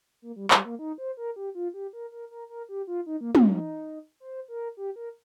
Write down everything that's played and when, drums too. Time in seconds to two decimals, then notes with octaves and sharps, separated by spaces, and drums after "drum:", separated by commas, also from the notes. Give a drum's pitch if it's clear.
0.22 A#3
0.36 G3
0.51 G3, drum: clap
0.65 A#3
0.79 D#4
0.98 C5
1.17 A#4
1.36 G4
1.55 F4
1.74 G4
1.93 A#4
2.12 A#4
2.31 A#4
2.49 A#4
2.69 G4
2.87 F4
3.06 D#4
3.21 A#3
3.35 C4, drum: tom
3.49 D#4
4.20 C5
4.48 A#4
4.77 G4
4.96 A#4